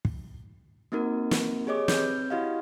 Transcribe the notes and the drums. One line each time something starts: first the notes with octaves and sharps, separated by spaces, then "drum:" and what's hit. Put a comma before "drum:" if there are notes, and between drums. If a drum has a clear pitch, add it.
drum: kick
A#3 C4 D#4 F#4 A#4
drum: snare
G4 G#4 C#5 D#5 D6
C4 B4 G6, drum: snare
E4 F#4 G4 D#5 F5